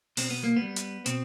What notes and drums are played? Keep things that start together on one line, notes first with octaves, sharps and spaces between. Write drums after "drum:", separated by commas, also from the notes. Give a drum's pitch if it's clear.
B2 C4, drum: open hi-hat
B3
A#3
G3 B3
drum: hi-hat
B2 C4, drum: hi-hat